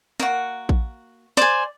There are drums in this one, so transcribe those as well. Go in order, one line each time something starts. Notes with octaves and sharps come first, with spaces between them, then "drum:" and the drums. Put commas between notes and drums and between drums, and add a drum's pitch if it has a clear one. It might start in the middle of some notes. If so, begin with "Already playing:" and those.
A#3 F#4, drum: snare
drum: kick A#1
C5 D5 G#5, drum: snare